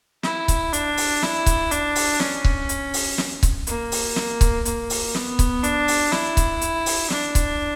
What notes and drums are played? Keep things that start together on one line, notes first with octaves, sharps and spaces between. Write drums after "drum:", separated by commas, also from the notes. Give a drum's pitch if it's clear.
E4, drum: snare
drum: kick C#1, hi-hat
D4, drum: hi-hat
drum: open hi-hat
E4, drum: snare
drum: kick C#1, hi-hat
D4, drum: hi-hat
drum: open hi-hat
C#4, drum: snare
drum: kick C#1
drum: hi-hat
drum: open hi-hat
drum: snare
drum: kick C#1, hi-hat
A#3, drum: hi-hat
drum: open hi-hat
drum: snare
drum: kick C#1, hi-hat
A#3, drum: hi-hat
drum: open hi-hat
B3, drum: snare
drum: kick C#1, hi-hat
D4, drum: hi-hat
drum: open hi-hat
E4, drum: snare
drum: kick C#1, hi-hat
drum: hi-hat
drum: open hi-hat
D4, drum: snare
drum: kick C#1, hi-hat